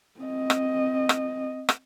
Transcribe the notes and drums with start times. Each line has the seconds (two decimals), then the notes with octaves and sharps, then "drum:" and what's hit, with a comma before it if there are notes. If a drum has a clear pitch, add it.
0.20 C4 D#5
0.50 drum: rim click
1.09 drum: rim click
1.69 drum: rim click